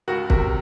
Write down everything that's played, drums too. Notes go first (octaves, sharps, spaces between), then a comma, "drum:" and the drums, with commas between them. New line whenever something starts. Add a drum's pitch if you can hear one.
C#2 F#4 A#4
C3 F#4 A#4, drum: kick